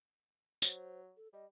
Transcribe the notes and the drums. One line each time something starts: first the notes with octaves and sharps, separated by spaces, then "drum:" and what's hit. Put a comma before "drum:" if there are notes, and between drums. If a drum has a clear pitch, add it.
F#3 C5, drum: tambourine
A4
G3 D#5